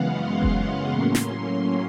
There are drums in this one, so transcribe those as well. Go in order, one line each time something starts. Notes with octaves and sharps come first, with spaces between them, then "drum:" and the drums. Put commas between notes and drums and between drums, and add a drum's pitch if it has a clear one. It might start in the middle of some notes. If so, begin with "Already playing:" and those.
Already playing: F#2 C#3 E3 G#3 B3 F5 F#5
C6
drum: kick F1
A2 F#3 A#3 C#4
drum: snare